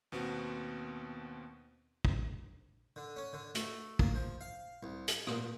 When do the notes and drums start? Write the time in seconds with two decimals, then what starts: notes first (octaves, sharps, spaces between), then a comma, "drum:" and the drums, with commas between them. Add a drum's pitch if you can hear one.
0.12 D#2 B2 B3 C4 F#4
2.05 drum: kick
2.96 D3
3.16 C#4
3.33 D3
3.55 A3, drum: hi-hat
3.99 A#3, drum: kick
4.15 F3
4.41 F5
4.83 C2
5.08 G#5, drum: hi-hat
5.27 A#2, drum: rim click